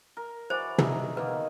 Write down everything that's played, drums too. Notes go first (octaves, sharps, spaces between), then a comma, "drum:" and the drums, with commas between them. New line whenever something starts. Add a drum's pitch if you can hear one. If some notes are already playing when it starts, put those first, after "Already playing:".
A#4
E3 F#4 C5 D5
D#4 E5, drum: tom
D#3 A#3 B3 B4